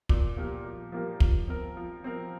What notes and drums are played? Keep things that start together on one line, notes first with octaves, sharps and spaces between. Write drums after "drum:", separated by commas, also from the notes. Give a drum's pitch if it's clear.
A#2, drum: kick
F3 A#3 G4 A#4
A#2
F3 A#3 G4 A#4
F3, drum: kick
C4 A#4
F3
C4 A#4